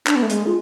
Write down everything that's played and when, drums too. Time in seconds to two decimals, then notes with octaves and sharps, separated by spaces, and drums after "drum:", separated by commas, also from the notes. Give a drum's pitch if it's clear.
0.07 D4, drum: clap
0.16 B3
0.22 A3
0.30 G#3, drum: hi-hat
0.46 F4